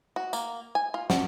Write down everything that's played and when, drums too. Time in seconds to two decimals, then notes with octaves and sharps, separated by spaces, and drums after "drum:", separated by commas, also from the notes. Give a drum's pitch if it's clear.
0.16 F#4
0.33 A#3, drum: tambourine
0.75 G#5
0.94 F4
1.10 F#4, drum: snare